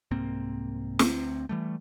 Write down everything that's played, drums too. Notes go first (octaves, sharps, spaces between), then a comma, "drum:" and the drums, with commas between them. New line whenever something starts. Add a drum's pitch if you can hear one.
C2 G#2 A#3 C4
D2 C4, drum: snare
E3 G3 A3